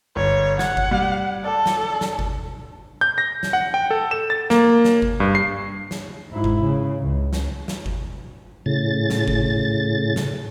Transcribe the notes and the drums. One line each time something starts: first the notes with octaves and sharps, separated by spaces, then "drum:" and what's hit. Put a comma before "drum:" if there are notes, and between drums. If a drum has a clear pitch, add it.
G1 C#5
F#5 G#6, drum: snare
drum: kick G1
G3
A4 D5
drum: snare
drum: snare
drum: kick G1
G6
A#6
drum: snare
F#5
G5
A4
E7
A6
A#3, drum: snare
drum: snare
drum: kick G1
G2
C7
drum: snare
G#2 E4
drum: kick G1
C#3
C#2
drum: snare
drum: snare
drum: kick G1
A2 C#3 A6
drum: snare
drum: kick G1
drum: snare